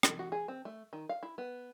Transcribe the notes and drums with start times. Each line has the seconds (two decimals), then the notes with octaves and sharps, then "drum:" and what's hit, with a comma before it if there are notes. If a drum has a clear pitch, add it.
0.03 drum: rim click
0.19 F#4
0.32 G#4
0.48 C4
0.65 A3
0.93 D#3
1.09 F5
1.23 E4
1.38 B3